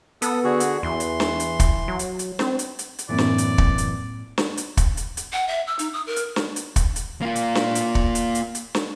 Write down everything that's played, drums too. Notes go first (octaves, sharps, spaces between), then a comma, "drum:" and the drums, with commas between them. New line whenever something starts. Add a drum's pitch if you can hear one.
B3 A4 D#6, drum: hi-hat
D3 F#4 G#4
drum: hi-hat
E2 E3 C6
drum: hi-hat
drum: snare
drum: hi-hat
drum: kick, hi-hat
F#3
drum: hi-hat
drum: hi-hat
C4, drum: snare
drum: hi-hat
drum: hi-hat
drum: hi-hat
F#2 A2 E3 A#3 C4 D5
drum: snare
drum: hi-hat
drum: kick
drum: hi-hat
drum: snare
drum: hi-hat
drum: kick, hi-hat
drum: hi-hat
drum: hi-hat
F#5
E5
E6
D#4, drum: hi-hat
D#6
A#4
drum: hi-hat
drum: snare
drum: hi-hat
drum: kick, hi-hat
drum: hi-hat
A#3 F4
drum: hi-hat
drum: snare
drum: hi-hat
drum: kick
drum: hi-hat
drum: hi-hat
drum: hi-hat
drum: snare